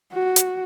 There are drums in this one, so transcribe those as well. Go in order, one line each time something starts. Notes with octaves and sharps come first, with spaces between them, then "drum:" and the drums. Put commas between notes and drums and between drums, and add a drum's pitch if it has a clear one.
F#4
drum: hi-hat